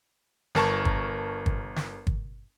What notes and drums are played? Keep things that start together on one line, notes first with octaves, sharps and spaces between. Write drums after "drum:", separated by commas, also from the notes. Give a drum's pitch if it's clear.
G1 A#4 A5 C#6, drum: snare
drum: kick
drum: kick
drum: snare
drum: kick